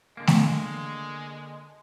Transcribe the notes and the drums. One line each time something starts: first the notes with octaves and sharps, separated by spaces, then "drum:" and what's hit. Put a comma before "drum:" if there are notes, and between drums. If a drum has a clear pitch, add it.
D3 G#3 A#3
drum: snare A3